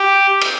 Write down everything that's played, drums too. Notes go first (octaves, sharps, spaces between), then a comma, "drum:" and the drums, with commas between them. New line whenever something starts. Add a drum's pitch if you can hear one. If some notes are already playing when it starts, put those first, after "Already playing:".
Already playing: G4
drum: cymbal